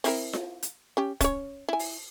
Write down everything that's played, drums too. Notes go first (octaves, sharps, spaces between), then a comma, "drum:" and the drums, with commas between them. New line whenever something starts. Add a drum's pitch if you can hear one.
C4 E4 A#4, drum: open hi-hat
drum: snare F4
drum: hi-hat
C#4 G4
C#4 C#5, drum: kick, hi-hat
E4 G#5
drum: open hi-hat